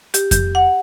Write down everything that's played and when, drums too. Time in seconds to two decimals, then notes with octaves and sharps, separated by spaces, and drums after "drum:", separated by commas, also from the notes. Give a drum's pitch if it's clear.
0.14 G4, drum: hi-hat
0.31 G6, drum: kick F2, hi-hat
0.55 F#5